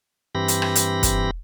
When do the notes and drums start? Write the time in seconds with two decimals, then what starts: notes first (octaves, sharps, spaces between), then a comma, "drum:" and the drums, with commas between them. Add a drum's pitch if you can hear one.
0.35 G2 E3 C4 G4 B5 A#6
0.48 drum: hi-hat
0.62 drum: rim click
0.76 drum: hi-hat
1.03 drum: kick, hi-hat